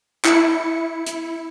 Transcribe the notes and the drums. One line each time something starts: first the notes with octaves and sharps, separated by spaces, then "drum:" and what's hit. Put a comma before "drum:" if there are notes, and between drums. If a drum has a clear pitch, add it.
E4 C#7, drum: clap
drum: hi-hat